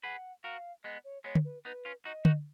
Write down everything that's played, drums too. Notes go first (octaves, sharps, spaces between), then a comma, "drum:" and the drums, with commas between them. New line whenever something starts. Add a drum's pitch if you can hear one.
G#4 B4 F#5
F#4 A#4 F5
G#3 B3 D#5
C#5
G#3 B3 C#5
drum: tom
B4
B3 D#4 B4
C#4 F4
D#4 F#4 D#5
D#4 F#4, drum: tom D3